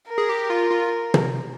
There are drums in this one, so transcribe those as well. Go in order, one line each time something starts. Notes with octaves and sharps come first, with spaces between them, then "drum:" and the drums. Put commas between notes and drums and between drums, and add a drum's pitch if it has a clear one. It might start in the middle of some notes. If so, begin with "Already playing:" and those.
A#4
G#4
G4
F4
F4
drum: tom